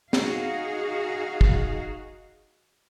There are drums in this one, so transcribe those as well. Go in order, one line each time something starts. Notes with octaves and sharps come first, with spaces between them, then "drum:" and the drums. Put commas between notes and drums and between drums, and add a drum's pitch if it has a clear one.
D#4 F#4 G#4 F5, drum: snare
drum: kick